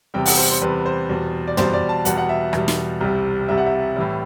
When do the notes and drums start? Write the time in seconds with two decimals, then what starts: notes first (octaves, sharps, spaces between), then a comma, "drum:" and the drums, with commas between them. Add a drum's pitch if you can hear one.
0.14 E2 C3 G3 G5
0.26 F#5, drum: open hi-hat
0.37 C5
0.50 C5
0.62 E2 C3 G3 B4
0.86 C5
1.09 E2 B2 G3
1.47 D5
1.57 E2 B2 G3 C5, drum: tom
1.73 D5
1.89 A5
2.05 E2 B2 G3 F#5, drum: hi-hat
2.18 F#5
2.29 E5
2.53 E2 B2 G3, drum: rim click
2.68 drum: snare
3.01 C2 C3 G3
3.49 C2 C3 G3 E5
3.58 F#5
3.66 E5
3.96 A2 E3 G3